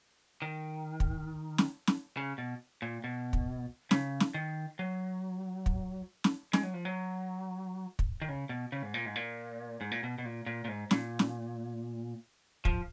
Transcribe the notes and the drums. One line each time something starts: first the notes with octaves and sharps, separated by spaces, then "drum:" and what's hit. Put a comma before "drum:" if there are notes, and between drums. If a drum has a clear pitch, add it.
D#3
drum: kick
drum: snare
drum: snare
C#3
B2
A#2
B2
drum: kick
C#3, drum: snare
drum: snare
D#3
F#3
drum: kick
drum: snare
G#3, drum: snare
F#3
F3
F#3
drum: kick
D#3
C#3
B2
C#3
G#2
A#2
G#2
A#2
G#2
A#2
B2
B2
A#2
A#2
A#2
G#2
A#2, drum: snare
drum: snare
F3, drum: kick